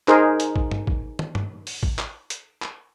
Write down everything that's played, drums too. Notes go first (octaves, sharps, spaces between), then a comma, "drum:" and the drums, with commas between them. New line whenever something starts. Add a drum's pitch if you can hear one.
D#4 G#4 A#4 C5, drum: clap
drum: hi-hat
drum: kick
drum: tom
drum: kick
drum: tom
drum: tom
drum: open hi-hat
drum: kick
drum: clap
drum: hi-hat
drum: clap